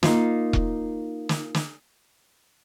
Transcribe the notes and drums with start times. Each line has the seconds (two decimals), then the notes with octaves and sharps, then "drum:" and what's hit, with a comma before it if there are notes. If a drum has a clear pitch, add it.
0.03 A#3 D#4 F4, drum: snare
0.53 drum: kick E1
1.29 drum: snare
1.55 drum: snare